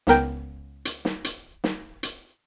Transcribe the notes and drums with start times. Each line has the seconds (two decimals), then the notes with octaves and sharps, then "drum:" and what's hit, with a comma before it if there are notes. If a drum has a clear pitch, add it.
0.07 C#2 B3 A#4 G5 G6, drum: snare
0.85 drum: hi-hat
1.05 drum: snare
1.24 drum: hi-hat
1.64 drum: snare
2.03 drum: hi-hat